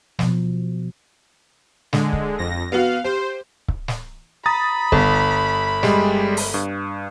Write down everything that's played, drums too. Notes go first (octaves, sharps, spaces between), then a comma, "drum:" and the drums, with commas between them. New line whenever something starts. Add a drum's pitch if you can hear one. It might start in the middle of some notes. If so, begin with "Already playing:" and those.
B2 F3, drum: snare
D3 G#3, drum: snare
drum: kick C#1
F2 A#6
B3 F#4 F5
G4 C5
drum: kick C#1
drum: snare
A#5 B5 D#6 A6
G1, drum: kick C#1
G3 G#3 D5, drum: snare
drum: open hi-hat
G2